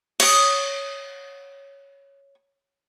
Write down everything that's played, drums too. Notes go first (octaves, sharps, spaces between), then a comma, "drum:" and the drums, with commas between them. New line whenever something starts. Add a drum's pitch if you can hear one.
C#5 D#6, drum: cymbal